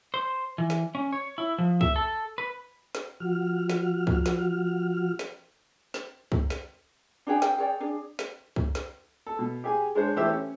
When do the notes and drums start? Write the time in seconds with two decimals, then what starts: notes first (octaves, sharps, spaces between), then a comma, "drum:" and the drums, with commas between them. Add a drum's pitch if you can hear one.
0.14 C5
0.58 E3
0.70 drum: snare
0.95 C#4
1.13 C#5
1.38 E4
1.58 F3
1.81 E5, drum: kick
1.96 A4
2.38 B4
2.95 drum: snare
3.20 F3 F#4 F6
3.70 drum: snare
4.07 drum: kick
4.26 drum: snare
5.19 drum: snare
5.94 drum: snare
6.32 drum: kick
6.50 drum: snare
7.27 D4 F#4 G#4 G5
7.42 G#4 G5, drum: snare
7.58 G#4 C#5 D5 G5
7.80 D4 G#4
8.19 drum: snare
8.56 drum: kick
8.75 drum: snare
9.27 A4
9.39 B2
9.64 G4 G#4 G#5
9.95 G#3 D4 C5 C#5
10.16 E3 A3 G4 C5 E5 E6
10.30 C#4